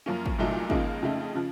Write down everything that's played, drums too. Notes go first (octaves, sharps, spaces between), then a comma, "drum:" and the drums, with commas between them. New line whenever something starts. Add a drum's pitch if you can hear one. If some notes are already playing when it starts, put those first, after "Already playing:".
F#2 F3 A#3 C#4
drum: kick
C2 A#2 F#3 A3 D#4
C#2 C#3 F3 A#3 D#4, drum: kick
F2 C#3 A3 D#4
C#3 F3